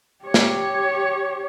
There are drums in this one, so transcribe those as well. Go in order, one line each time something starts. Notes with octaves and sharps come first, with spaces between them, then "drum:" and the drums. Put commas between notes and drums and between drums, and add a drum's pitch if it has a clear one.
G4 C#5
drum: snare